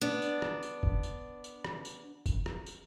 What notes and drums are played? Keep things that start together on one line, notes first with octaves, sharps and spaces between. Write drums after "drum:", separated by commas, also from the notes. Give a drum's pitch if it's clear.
B3 D4
drum: tambourine
drum: rim click
drum: tambourine
drum: kick
drum: tambourine
drum: tambourine
drum: rim click
drum: tambourine
drum: kick, tambourine
drum: rim click
drum: tambourine